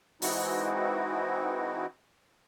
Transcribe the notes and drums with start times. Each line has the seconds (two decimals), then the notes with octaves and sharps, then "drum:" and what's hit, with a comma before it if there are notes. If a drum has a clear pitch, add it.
0.22 E3 G#3 C4 D#4 E4 F#4, drum: open hi-hat